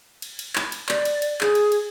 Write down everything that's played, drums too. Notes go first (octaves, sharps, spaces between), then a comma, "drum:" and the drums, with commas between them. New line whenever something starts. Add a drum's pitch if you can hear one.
drum: cymbal
drum: cymbal
drum: clap
drum: cymbal
D5, drum: clap
drum: cymbal
drum: cymbal
G#4, drum: clap
drum: cymbal
drum: cymbal